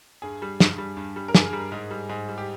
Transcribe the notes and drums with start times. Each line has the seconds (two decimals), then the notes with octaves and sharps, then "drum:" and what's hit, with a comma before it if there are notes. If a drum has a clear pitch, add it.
0.22 G2 G#4
0.42 G3
0.60 G2, drum: snare
0.78 G3
0.97 G2
1.16 G3
1.28 A#4
1.35 G2 G#4, drum: snare
1.53 G3
1.72 G#2
1.91 G3
2.09 G#2
2.28 G3
2.38 G4